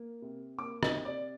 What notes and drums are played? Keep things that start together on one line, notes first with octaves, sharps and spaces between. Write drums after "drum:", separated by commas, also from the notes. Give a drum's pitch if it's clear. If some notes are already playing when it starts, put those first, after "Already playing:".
Already playing: A#3
C3
A#3 D6
D#5, drum: rim click
C3
D5